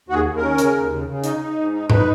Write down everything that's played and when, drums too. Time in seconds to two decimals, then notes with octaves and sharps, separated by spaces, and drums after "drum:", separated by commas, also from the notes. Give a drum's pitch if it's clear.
0.08 D#2 F#4
0.14 G#4
0.26 D#2
0.37 A#4
0.42 C#4
0.58 C#3, drum: hi-hat
0.75 D#2
0.91 C#3
1.07 C#3
1.24 D#4, drum: hi-hat
1.41 D#4
1.58 G#2
1.73 D#4
1.90 D#4 B4, drum: tom G#2